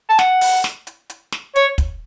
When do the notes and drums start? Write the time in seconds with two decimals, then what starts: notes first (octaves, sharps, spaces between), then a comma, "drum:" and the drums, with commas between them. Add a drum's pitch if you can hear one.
0.10 A5
0.19 F#5, drum: snare
0.41 drum: open hi-hat
0.64 drum: snare
0.87 drum: hi-hat
1.10 drum: hi-hat
1.32 drum: snare
1.56 C#5, drum: hi-hat
1.78 drum: kick, hi-hat